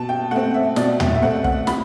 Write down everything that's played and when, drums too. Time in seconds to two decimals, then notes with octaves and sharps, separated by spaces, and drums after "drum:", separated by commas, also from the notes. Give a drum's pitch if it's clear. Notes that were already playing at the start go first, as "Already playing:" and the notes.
Already playing: B2 A5
0.09 G5
0.31 A3 C4 F#5
0.54 E5
0.76 B2 D5, drum: snare
1.00 E5, drum: tom
1.15 E5
1.22 A3 C4 F#5
1.44 F#5, drum: kick
1.67 B5, drum: snare